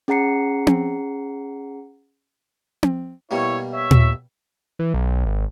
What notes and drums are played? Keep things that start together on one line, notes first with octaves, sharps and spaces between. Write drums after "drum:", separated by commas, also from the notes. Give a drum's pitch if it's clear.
C#4 G#4 F#5 A#5 C7 C#7
drum: tom C4
drum: tom C4
B2 G3 A#3 E4 C#5
C#5 E5
drum: tom
E3
B1
G#1